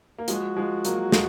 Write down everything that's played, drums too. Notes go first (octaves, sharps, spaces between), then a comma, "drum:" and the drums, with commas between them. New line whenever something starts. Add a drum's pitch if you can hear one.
A#3
F3 G#3 F#4, drum: hi-hat
F3 G#3
F#3 A#3, drum: hi-hat
F3 G#3, drum: snare